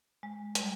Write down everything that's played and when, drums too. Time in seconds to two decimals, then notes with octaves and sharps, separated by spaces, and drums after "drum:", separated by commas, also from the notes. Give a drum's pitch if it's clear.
0.23 G#3
0.55 G#3, drum: hi-hat
0.60 G3